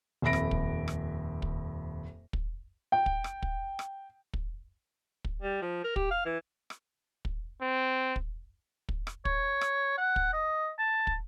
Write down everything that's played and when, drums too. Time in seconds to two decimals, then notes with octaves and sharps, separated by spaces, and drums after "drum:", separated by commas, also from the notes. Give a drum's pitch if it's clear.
0.22 D#1 F2 E5 B5 A#6 D7
0.33 drum: rim click
0.51 drum: kick
0.88 drum: rim click
1.42 drum: kick
2.33 drum: kick
2.92 G5
3.06 drum: kick
3.24 drum: rim click
3.42 drum: kick
3.79 drum: rim click
4.33 drum: kick
5.24 drum: kick
5.42 G3
5.62 F3
5.84 A#4
5.96 G4, drum: kick
6.11 F5
6.26 E3
6.70 drum: rim click
7.25 drum: kick
7.61 C4
8.16 drum: kick
8.89 drum: kick
9.07 drum: rim click
9.25 C#5, drum: kick
9.61 drum: rim click
9.98 F#5
10.16 drum: kick
10.33 D#5
10.79 A5
11.07 drum: kick